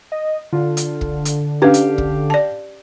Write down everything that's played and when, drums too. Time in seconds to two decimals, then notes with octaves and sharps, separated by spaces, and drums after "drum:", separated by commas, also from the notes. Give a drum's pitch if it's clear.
0.12 D#5
0.53 D3 F4
0.77 drum: hi-hat
1.01 drum: kick
1.25 drum: hi-hat
1.62 C#4 D4 G4 B4 F5
1.74 drum: hi-hat
1.98 drum: kick
2.30 D5 A5